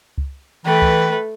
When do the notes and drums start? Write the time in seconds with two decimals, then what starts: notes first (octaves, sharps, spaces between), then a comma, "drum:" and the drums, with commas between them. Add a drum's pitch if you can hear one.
0.18 drum: kick C#2
0.66 E3 A3 B4 G5
0.82 drum: kick C#2